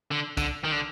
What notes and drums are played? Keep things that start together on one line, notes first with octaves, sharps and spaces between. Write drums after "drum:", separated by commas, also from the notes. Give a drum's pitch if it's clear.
D3
D3, drum: kick, tambourine
D#3
D3